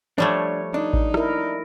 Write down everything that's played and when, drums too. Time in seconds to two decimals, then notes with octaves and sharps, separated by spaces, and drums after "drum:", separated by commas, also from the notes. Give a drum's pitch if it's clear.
0.18 F3 G3 A3 D4 C#5
0.74 D4 D#4
0.93 drum: kick A1
1.14 E4 A#4, drum: rim click